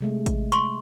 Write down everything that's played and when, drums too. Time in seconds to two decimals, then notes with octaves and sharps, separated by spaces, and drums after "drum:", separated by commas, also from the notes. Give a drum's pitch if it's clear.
0.01 C3 G#3 A3
0.26 drum: kick A1, hi-hat
0.52 C6 C#6, drum: hi-hat